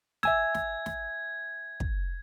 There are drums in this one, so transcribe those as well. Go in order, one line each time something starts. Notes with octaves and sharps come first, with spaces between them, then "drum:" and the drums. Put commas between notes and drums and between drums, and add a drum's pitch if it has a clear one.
E5 G#5 E6 G#6, drum: snare
drum: snare
drum: snare
drum: kick